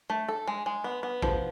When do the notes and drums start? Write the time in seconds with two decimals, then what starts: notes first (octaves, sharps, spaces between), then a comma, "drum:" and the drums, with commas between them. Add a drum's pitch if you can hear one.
0.10 A3
0.29 A4
0.48 G#3
0.66 G#3
0.84 B3
1.03 B3
1.22 F3, drum: kick A1